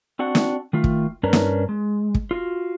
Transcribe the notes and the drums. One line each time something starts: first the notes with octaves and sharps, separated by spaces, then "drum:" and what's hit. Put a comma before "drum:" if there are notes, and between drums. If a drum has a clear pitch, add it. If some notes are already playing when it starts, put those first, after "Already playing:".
C4 D4 F#4 F#5
drum: snare
D#3 A3 F4
drum: kick
G2 C#4 D4 A#4 B4 A#5
drum: snare
G#3
drum: kick
F4 F#4